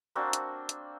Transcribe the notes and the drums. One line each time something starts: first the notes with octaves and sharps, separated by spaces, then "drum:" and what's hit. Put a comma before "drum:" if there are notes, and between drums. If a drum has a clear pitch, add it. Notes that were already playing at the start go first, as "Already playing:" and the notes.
A#3 C4 D4 F#4
drum: hi-hat
drum: hi-hat